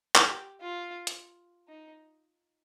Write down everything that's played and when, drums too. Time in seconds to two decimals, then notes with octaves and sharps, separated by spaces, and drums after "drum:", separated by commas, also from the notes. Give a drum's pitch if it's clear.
0.15 drum: clap
0.25 G4
0.61 F4
1.07 drum: hi-hat
1.68 D#4